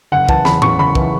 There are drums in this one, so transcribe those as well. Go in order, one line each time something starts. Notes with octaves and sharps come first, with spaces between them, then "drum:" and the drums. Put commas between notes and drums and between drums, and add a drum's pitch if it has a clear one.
F#1 F#5
E3 A5, drum: kick
E2 B5, drum: snare
C#3 C#6, drum: tom
F#1 B5
E3, drum: kick